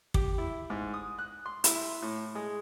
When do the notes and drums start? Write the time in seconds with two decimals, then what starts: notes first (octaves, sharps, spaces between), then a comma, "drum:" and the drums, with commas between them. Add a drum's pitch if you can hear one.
0.14 G4, drum: kick
0.38 E4
0.70 G#2
0.94 D#6
1.19 F#6
1.46 C6
1.64 E4, drum: hi-hat
2.02 A2
2.35 G#3